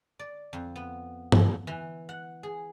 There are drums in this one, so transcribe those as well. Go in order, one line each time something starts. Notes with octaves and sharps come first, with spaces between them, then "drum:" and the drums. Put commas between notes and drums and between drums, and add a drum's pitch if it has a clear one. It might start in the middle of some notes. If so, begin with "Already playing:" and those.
D5
F2
B3
drum: tom
E3
F#5
G#4